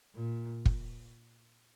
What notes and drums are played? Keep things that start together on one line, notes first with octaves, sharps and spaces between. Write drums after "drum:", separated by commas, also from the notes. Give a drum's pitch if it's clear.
A#2
drum: kick